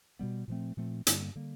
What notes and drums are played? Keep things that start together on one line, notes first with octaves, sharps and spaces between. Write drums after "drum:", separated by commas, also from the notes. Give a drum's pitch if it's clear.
B2 G3 B3
A#2 F3 A3 C4
A#2 F3 A3 C4
G2 D3 G3 A#3, drum: hi-hat
D3 G3 A#3